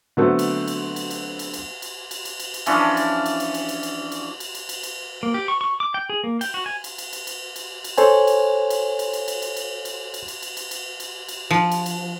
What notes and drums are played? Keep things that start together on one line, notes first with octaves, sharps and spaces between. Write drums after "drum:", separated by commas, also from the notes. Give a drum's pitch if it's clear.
D3 F#3 A3 B3 C4
drum: cymbal
drum: cymbal
drum: cymbal
drum: cymbal
drum: cymbal
drum: cymbal
drum: cymbal
drum: cymbal
drum: cymbal
drum: cymbal
drum: cymbal
E3 F3 C#4 D4, drum: cymbal
drum: cymbal
drum: cymbal
drum: cymbal
drum: cymbal
drum: cymbal
drum: cymbal
drum: cymbal
drum: cymbal
drum: cymbal
drum: cymbal
drum: cymbal
A#3
G4
C#6
C#6
D6
G5
G#4
A#3
G5, drum: cymbal
F#4
G#5
drum: cymbal
drum: cymbal
drum: cymbal
drum: cymbal
drum: cymbal
drum: cymbal
A4 C5 C#5 G#5, drum: cymbal
drum: cymbal
drum: cymbal
drum: cymbal
drum: cymbal
drum: cymbal
drum: cymbal
drum: cymbal
drum: cymbal
drum: cymbal
drum: cymbal
drum: cymbal
drum: cymbal
drum: cymbal
drum: cymbal
drum: cymbal
F3
drum: cymbal
drum: cymbal